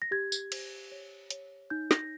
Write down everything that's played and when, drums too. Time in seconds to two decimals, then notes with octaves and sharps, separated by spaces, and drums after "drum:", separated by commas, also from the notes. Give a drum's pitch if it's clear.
0.02 A#6
0.11 G4 G#6
0.32 drum: tambourine
0.52 C5, drum: cymbal
0.92 C#5
1.30 C#5, drum: hi-hat
1.70 D#4 G6
1.91 A#6, drum: snare